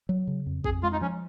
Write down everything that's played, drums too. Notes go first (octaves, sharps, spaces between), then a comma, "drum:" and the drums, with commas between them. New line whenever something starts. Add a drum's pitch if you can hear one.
F#3
C#3
F2
F2 G#4, drum: kick
G#3 F4
D#4
F3 C#4